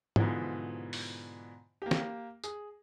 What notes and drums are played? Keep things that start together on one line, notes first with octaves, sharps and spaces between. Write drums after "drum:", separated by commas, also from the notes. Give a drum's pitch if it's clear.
G#2 B2 D3 E3 F3, drum: tom G#2
drum: open hi-hat
A#3 G4
drum: snare
G#4, drum: tambourine